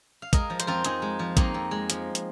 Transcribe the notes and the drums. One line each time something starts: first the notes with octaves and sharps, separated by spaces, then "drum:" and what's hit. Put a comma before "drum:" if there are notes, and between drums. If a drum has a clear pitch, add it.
F5
G#3 A#4 D#5, drum: kick, hi-hat
F3
C5, drum: hi-hat
F2 F4 A#4
F2 D#4 G#4, drum: hi-hat
G#3
F3
F2 A#3 D#4, drum: kick, hi-hat
F2
G#3
F3, drum: hi-hat
drum: hi-hat